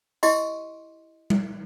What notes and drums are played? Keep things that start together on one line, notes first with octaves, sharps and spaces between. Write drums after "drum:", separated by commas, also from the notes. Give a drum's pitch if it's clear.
E4 G4 D#5 C6, drum: tambourine
drum: tom G3